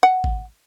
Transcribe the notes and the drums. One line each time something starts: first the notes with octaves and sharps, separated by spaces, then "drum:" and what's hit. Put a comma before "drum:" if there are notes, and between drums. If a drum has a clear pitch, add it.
F#5
drum: kick